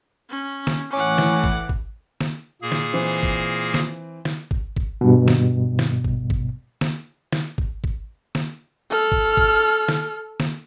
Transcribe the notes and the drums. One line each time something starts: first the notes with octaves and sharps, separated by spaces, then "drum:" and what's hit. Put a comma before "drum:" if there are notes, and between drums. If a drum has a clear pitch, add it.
C#4
drum: snare
A2 E3 C#4 F#5 D6
drum: snare
drum: kick
drum: kick
drum: snare
A#2 A#3 G#4
drum: snare
E3 C4
drum: kick
drum: snare
drum: snare
drum: kick
drum: kick
G2 B2
drum: snare
drum: snare
drum: kick
drum: kick
drum: snare
drum: snare
drum: kick
drum: kick
drum: snare
A4 F6
drum: kick
drum: kick
drum: snare
drum: snare